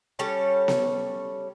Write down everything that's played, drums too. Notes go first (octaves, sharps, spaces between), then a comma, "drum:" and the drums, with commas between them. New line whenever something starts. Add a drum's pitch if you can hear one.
G3 C#4 A4 C#5
drum: snare B3